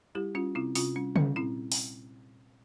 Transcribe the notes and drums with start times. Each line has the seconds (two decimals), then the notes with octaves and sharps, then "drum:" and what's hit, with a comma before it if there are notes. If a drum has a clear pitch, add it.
0.15 G3 E4 G4
0.35 G3 C#4 F4
0.55 C3 C4 E4
0.75 C3 C#4 F4, drum: open hi-hat
0.96 G3 C#4
1.16 G3 C#4, drum: tom C#3
1.36 A#2 C4 E4
1.72 drum: open hi-hat